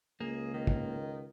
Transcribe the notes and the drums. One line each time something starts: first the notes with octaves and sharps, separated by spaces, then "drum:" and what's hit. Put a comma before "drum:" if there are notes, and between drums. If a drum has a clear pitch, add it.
C#2 A#3 G#4
D#3
drum: kick